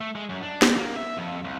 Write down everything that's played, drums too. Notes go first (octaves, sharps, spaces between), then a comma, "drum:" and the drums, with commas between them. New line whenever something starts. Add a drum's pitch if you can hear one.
A3
G#3
F#2
D4
C4, drum: snare
A#3
E5
F2
C2